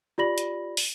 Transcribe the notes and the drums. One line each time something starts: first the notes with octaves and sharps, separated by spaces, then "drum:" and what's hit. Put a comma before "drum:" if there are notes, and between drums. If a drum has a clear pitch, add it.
F4 G4 D5 B5 A#6 F#7
drum: hi-hat
drum: open hi-hat